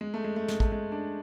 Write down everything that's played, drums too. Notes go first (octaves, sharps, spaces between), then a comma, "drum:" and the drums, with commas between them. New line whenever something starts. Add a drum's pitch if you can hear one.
G#3
A3
G#3
A3
G#3, drum: snare
A3, drum: kick
G#3
D4